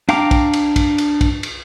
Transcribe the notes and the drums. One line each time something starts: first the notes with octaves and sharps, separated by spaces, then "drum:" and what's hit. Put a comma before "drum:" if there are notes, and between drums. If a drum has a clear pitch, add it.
D4 F5 G5 A#5 D6, drum: cymbal
drum: kick, cymbal
drum: cymbal
drum: kick, cymbal
drum: cymbal
drum: kick, cymbal
drum: cymbal